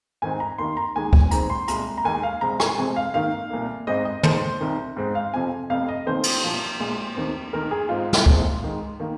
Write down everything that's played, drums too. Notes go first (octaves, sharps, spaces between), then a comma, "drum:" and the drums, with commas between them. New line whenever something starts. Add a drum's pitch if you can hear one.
G#2 D#3 C4 G#5
A#5
D#2 D#3 A#3 C6
A#5
D#2 D#3 G#3 G#5
G#5, drum: kick C#2
D#2 D#3 G#3 C4 A#5, drum: hi-hat
C6
C2 A#2 G#3 A#5, drum: hi-hat
A#5
D#2 D#3 G#3 G#5
F5
C2 C3 G#3 C4 A#5
G#5, drum: rim click
F1 F2 C3 G#3 C4 G#5
F5
G#2 D#3 A#3 F5
C2 A#2 A#3
G#1 G#2 G#3 C4 D#5
D#5
D#2 D#3 G#3 C5, drum: tom
C2 C3 D#3
G#2 G#3 C4
F5
F2 C3 F3 C4 G#5
F1 F2 C3 F5
D#5
F1 F2 D#3 A#3 C5
drum: cymbal
C2 A#2 F3
A#1 A#2 G#3
F1 D#2 D#3 C4
F1 D#2 D#3 A#4
G#4
G#2 G#3 C4 F4
drum: snare
A#1 G#2 G#3 C4, drum: kick C#2
G#2 D#3 G#3
D#3 A#3